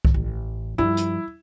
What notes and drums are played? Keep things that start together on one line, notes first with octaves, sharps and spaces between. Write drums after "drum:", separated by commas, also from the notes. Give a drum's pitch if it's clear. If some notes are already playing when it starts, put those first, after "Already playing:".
drum: kick C2
A1
G2 F3 E4
drum: hi-hat